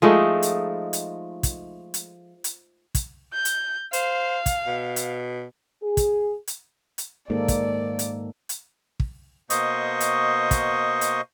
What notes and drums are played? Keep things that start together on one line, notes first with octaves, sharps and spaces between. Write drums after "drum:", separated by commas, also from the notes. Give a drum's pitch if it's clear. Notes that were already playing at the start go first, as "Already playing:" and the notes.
F3 G#3 A3 D#4
drum: hi-hat
drum: hi-hat
drum: kick, hi-hat
drum: hi-hat
drum: hi-hat
drum: kick, hi-hat
G6
drum: hi-hat
C5 F5, drum: hi-hat
drum: kick, hi-hat
B2
drum: hi-hat
G#4
drum: kick, hi-hat
drum: hi-hat
drum: hi-hat
G#2 D#3 A#3 A4 D5
drum: kick, hi-hat
drum: hi-hat
drum: hi-hat
drum: kick
B2 A#3 C5 D#5 C#6 D#6, drum: hi-hat
drum: hi-hat
drum: kick, hi-hat
drum: hi-hat